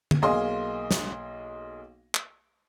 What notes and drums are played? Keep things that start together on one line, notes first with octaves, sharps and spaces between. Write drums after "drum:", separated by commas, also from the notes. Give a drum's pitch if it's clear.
drum: tom D3
B1 A#3 G#4 D#5 F5 C6
drum: snare
drum: clap